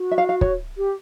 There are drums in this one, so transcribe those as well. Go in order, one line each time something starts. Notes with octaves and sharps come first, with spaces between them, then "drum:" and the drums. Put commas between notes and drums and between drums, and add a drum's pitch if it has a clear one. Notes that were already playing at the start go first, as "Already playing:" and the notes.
Already playing: F#4
E5
F5
F5
C#5, drum: kick
G4